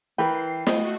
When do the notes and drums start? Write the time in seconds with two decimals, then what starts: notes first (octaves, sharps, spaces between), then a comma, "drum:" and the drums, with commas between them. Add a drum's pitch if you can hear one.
0.18 E3 A#4 B4 G5 C7
0.67 A3 F#4 D#5, drum: snare